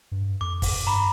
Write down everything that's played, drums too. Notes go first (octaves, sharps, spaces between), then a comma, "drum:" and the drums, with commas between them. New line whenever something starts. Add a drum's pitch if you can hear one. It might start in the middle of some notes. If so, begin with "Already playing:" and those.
G2
F2 D6
drum: kick, open hi-hat
G2 A#5 B5 D6